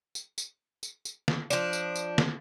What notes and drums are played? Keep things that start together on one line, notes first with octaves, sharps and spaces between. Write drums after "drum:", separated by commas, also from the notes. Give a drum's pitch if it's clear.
drum: tambourine
drum: tambourine
drum: tambourine
drum: tambourine
drum: snare
F3 D4, drum: tambourine
drum: tambourine
drum: tambourine
drum: snare